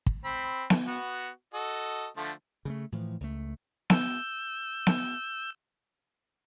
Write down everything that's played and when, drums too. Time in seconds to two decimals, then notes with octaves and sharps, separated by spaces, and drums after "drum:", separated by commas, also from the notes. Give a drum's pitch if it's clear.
0.06 drum: kick
0.24 C4 B5
0.70 drum: snare B3
0.87 B3 F#4
1.54 F#4 A4 D#5
2.17 D3 F3 A3
2.65 C#3 G#3 A3
2.92 A2 E3 F3
3.20 C#2 A3
3.90 E6 G6, drum: snare B3
4.87 drum: snare B3